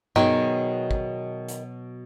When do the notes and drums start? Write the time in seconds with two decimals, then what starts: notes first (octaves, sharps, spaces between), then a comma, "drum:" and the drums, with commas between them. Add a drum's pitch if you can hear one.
0.16 B2 D#3 F#3 G#4, drum: tom G2
0.91 drum: kick
1.49 drum: hi-hat